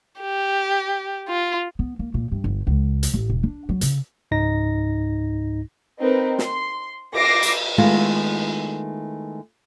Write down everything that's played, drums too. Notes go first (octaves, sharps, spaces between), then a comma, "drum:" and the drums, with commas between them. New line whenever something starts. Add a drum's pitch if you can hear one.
G4
F4
B3
A#3
A#2
G2
G1
C#2
drum: hi-hat
A1
E1
D4
F#3
C#3, drum: hi-hat
C#2 G#2 D#4 A#6
C4 D#4 A#4 B4
C6, drum: snare
D6 A#6 C7, drum: cymbal
drum: hi-hat
D#3 G#3 A3 B3 E4 F4